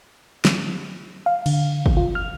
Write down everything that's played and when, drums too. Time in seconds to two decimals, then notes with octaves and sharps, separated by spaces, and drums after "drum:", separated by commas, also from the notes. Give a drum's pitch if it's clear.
0.45 drum: snare
1.26 F5
1.46 D3, drum: cymbal
1.86 drum: kick
1.97 F4
2.15 F6